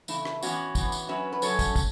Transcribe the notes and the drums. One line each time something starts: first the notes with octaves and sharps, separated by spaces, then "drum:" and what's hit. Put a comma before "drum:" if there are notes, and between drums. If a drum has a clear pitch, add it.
E2 C#3 A3 E4, drum: tambourine
drum: rim click
A2 E3 B3 C#4 F#4, drum: tambourine
A2 E3 B3, drum: kick, tambourine
drum: tambourine
F#2 F#3 C#4 B4 E5
B4
F#2 F#3 C#4 A4 C#5, drum: tambourine
drum: kick, tambourine
drum: kick, tambourine